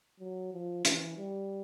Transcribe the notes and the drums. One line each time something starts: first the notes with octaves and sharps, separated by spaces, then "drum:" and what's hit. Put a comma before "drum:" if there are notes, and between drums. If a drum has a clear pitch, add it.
F#3
F3
E3, drum: hi-hat
G3